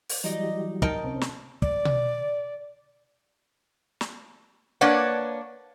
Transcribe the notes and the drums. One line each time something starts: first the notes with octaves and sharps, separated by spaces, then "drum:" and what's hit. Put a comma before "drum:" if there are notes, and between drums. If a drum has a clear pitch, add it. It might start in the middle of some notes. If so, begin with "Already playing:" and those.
drum: open hi-hat
E3 F#3 G3 D#4 D5 D#5
D#4 A#4 G5 A5, drum: kick
C3 C4 C#4
drum: snare
D5, drum: kick
drum: tom B2
drum: snare
A#3 D4 B4 C#5 D5 F#5